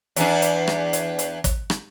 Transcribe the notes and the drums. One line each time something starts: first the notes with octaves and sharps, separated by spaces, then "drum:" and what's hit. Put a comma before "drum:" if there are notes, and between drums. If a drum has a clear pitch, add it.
E2 D4, drum: hi-hat
drum: hi-hat
drum: rim click
drum: hi-hat
drum: hi-hat
drum: kick, hi-hat
drum: rim click